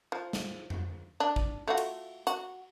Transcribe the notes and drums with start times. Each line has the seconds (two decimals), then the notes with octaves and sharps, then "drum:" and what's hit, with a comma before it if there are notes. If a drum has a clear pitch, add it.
0.12 F3
0.33 drum: snare
0.70 drum: tom F2
1.20 D4
1.36 drum: kick
1.68 A3 F4 F#4
1.78 drum: cymbal
2.27 F#4, drum: hi-hat